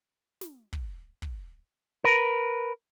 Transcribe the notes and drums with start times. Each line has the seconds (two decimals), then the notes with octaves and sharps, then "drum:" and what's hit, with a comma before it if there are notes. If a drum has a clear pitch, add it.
0.41 drum: snare
0.73 drum: kick
1.22 drum: kick
2.04 A#4 B4